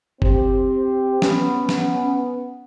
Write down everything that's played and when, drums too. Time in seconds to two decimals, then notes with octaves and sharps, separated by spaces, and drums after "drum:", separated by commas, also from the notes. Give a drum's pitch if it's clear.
0.22 C4 G4, drum: kick G1
1.22 B3 C#4, drum: snare
1.69 drum: snare